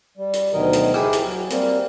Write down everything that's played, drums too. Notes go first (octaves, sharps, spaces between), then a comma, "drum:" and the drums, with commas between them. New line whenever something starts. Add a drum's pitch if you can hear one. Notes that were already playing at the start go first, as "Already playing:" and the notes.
G3
drum: hi-hat
D2 B2 D#3 F#3 A#4 D#5
drum: hi-hat
E4 G4 G#4, drum: rim click
drum: hi-hat
F#3
G3 A#3 C4, drum: hi-hat